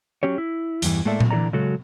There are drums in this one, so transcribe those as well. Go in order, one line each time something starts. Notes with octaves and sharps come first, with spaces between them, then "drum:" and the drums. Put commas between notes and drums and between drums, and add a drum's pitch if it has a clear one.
F#3 C#4 G4 C#5
E4
E2 G2 E3, drum: hi-hat
A2 G#3 A#3 A4 D5 E5
drum: tom A#2
D3 E3 E4 A4 D5 A#5
C#3 F#3 G#3 F#4 A4